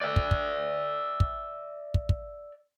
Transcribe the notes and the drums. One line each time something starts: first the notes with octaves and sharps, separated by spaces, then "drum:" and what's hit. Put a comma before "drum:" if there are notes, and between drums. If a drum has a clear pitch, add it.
D5 E5
drum: kick
drum: kick
drum: kick
drum: kick
drum: kick